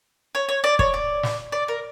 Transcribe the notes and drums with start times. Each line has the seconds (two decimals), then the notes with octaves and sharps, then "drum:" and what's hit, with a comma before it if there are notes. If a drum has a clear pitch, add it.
0.35 C#5
0.49 C#5
0.64 D5
0.79 C#5, drum: kick
0.94 D5
1.23 drum: snare
1.52 D5
1.68 A#4